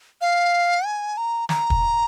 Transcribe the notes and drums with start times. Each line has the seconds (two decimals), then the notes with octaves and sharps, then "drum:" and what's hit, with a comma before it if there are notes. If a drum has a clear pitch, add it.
0.21 F5
0.85 G#5
1.17 A#5
1.49 A#5, drum: snare
1.70 drum: kick